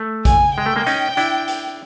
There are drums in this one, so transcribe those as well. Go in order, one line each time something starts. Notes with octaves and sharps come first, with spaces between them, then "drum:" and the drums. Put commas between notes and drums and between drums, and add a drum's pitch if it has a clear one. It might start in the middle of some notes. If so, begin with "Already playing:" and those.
Already playing: A3
G#5, drum: kick A#1, hi-hat
G#3 G5
A3
G#3 A#3
C#4 D#4, drum: hi-hat
D4 E4, drum: hi-hat
drum: hi-hat